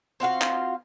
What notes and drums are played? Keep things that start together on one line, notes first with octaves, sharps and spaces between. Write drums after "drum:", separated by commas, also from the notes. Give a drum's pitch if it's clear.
C4 F4 F#4 F5
drum: clap